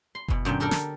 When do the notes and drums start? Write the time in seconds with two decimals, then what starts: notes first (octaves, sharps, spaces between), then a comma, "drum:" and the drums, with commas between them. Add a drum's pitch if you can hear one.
0.15 C6
0.28 B2 E3, drum: kick F#1
0.45 F#2 A#2 D3 G5
0.60 D4 G4 A4 A#4 D5
0.71 drum: snare